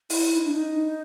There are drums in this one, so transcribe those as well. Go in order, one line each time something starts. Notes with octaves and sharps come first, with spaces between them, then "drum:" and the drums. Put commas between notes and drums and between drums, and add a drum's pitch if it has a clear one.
E4, drum: open hi-hat
D#4
D4
D#4